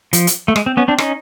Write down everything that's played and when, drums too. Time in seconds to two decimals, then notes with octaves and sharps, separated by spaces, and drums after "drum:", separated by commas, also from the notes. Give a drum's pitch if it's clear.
0.13 F3, drum: hi-hat
0.27 drum: hi-hat
0.48 A3
0.56 G#3, drum: rim click
0.66 C4
0.77 B3 C#4
0.88 C4 D4
0.98 C#4 D#4, drum: rim click